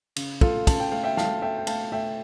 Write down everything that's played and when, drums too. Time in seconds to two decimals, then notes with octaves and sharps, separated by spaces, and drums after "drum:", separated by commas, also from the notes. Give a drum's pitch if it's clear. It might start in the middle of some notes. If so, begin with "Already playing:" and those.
0.16 C#3, drum: cymbal
0.41 A3 F4 A4, drum: kick
0.67 C#3 A5, drum: kick, cymbal
0.80 G5
0.92 A3 F5
1.04 E5 G5
1.17 A3 F5 A5, drum: snare
1.42 A3 E5 G5
1.57 G5
1.67 A3 F5 A5, drum: cymbal
1.92 A3 E5 G5